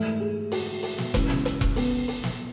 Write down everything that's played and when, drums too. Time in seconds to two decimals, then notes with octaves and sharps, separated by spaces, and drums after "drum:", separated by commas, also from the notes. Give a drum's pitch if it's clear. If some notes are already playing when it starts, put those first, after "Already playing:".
Already playing: G#2 E3 A3
0.20 G#4
0.52 F#4, drum: open hi-hat
0.83 drum: open hi-hat
0.98 drum: snare
1.14 C#2 C#3 E3, drum: kick E1, hi-hat
1.30 drum: snare
1.45 drum: hi-hat
1.61 drum: kick E1
1.76 B3, drum: open hi-hat
2.08 drum: open hi-hat
2.24 drum: snare